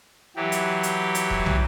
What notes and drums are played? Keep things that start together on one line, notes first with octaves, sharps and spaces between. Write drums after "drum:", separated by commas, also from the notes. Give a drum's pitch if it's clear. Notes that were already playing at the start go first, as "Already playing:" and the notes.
E3 F#3 G4
drum: hi-hat
drum: hi-hat
drum: hi-hat
drum: kick D#1
drum: tom